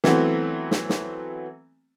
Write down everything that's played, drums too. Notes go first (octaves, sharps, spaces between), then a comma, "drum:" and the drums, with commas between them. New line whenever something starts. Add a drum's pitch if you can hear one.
E3 F#3 A3 B3 C4, drum: snare
drum: snare
drum: snare